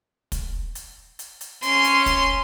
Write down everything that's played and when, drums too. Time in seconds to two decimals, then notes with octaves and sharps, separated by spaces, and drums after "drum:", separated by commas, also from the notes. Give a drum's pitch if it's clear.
0.32 drum: kick, hi-hat
0.75 drum: hi-hat
1.19 drum: hi-hat
1.41 drum: hi-hat
1.63 C#4 C6, drum: hi-hat
1.84 drum: hi-hat
2.06 drum: kick, hi-hat